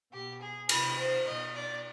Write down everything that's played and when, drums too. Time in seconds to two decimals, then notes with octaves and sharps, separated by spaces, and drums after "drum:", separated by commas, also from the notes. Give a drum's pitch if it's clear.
0.12 B2 G4
0.41 G#4
0.69 C3 D#3 B4, drum: cymbal
0.98 C5
1.27 B2 D#5
1.55 D5